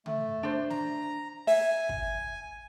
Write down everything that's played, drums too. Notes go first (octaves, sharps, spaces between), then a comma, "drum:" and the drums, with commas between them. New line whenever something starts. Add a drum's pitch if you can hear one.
A3, drum: tom C#3
D4 C5
A#5, drum: snare
E5 G#5, drum: open hi-hat
drum: kick